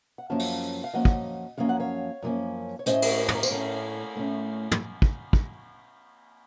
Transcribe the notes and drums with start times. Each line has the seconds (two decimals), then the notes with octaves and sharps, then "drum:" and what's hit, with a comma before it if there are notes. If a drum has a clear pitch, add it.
0.18 F#5
0.30 F#2 F3 A#3 C#4 F5 A5
0.39 drum: open hi-hat
0.84 F5
0.93 F#2 F3 A#3 C#4 D#5 F#5
1.05 drum: kick
1.58 F#2 F3 A#3 C#4 F5
1.69 F#5
1.80 C#5 F5
2.22 F#2 F3 A#3 C#4
2.79 C#5
2.86 A2 A3 C#4 C5 D#5, drum: hi-hat
3.02 drum: cymbal
3.28 A4, drum: tom
3.35 A#4
3.43 C5, drum: tambourine
3.51 A2 A3 C#4 A#4 C#5
4.16 A2 A3 C#4
4.71 drum: tom
5.02 drum: kick
5.33 drum: kick